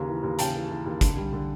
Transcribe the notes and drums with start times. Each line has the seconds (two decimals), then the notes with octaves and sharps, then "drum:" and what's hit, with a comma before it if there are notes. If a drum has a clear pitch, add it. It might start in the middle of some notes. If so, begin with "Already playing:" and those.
Already playing: D#2 C#3 A#5
0.08 E3
0.23 D#2
0.39 C#3 G5 A5, drum: hi-hat
0.55 E3
0.70 E3
0.86 D#2
1.01 D3, drum: kick G1, hi-hat
1.17 G3
1.33 D3